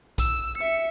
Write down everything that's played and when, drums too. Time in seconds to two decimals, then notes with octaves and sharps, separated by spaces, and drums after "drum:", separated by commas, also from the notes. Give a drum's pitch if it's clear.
0.18 E6, drum: kick, hi-hat
0.58 E5 C#7